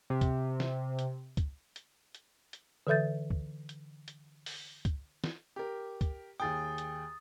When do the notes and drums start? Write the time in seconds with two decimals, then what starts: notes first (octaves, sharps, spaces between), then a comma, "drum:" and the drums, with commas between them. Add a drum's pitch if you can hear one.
0.10 C3
0.21 drum: kick C#2, hi-hat
0.60 drum: snare
0.99 drum: hi-hat
1.37 drum: kick C#2, hi-hat
1.76 drum: hi-hat
2.15 drum: hi-hat
2.53 drum: hi-hat
2.87 D3 E3 A4 E5 G6 A6
3.30 drum: kick C#2
3.69 drum: hi-hat
4.08 drum: hi-hat
4.46 drum: open hi-hat
4.85 drum: kick C#2, hi-hat
5.24 drum: snare
5.56 G4 A#4
6.01 drum: kick C#2, hi-hat
6.40 D#2 G#4 G5 D#6 A6
6.78 drum: hi-hat